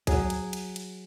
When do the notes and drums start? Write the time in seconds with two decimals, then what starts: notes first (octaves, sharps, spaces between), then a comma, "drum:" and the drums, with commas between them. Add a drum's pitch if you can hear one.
0.07 F#3 G#4, drum: kick B1, cymbal
0.30 drum: cymbal
0.53 drum: cymbal
0.76 drum: cymbal